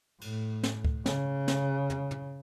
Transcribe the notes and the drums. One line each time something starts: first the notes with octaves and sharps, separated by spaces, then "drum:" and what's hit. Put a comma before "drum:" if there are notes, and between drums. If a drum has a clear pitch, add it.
A2, drum: cymbal
drum: snare
drum: kick C#2
C#3, drum: snare
drum: snare
drum: tom
drum: tom